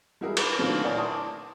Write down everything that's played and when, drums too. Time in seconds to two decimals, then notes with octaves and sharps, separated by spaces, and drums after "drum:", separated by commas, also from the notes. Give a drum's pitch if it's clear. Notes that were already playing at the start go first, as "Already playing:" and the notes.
0.21 G3 G#3 E4 F#4 G#4 A#4
0.37 A#4 B4 B5 C#6 D6, drum: cymbal
0.59 A#2 D3 D#3 F#3 A3 C4
0.84 A#4 C#5 D5 F#5 G#5 A#5
0.97 E4 A5 C6 C#6 D#6
1.11 A5 D6 D#6